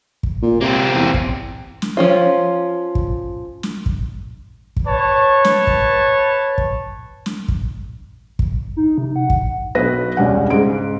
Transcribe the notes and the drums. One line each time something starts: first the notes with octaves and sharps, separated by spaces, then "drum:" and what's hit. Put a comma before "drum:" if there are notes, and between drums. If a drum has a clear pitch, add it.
drum: kick
A#2
C3 A#3 C4
E2
drum: kick
drum: snare
F3 C#4 F4
drum: kick
drum: snare
drum: kick
drum: kick
B4 C#5 A5
drum: snare
drum: kick
drum: kick
drum: snare
drum: kick
drum: kick
D#4
C3
F#5
drum: kick
B1 B4 A#6
E1 C#2 G3 C#4 F#5
G#2 C#3 D7